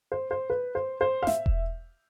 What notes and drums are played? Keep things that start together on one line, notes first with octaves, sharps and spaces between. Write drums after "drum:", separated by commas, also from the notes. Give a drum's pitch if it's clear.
C5
C5
B4
C5
C5
F5
E5, drum: snare
drum: kick E1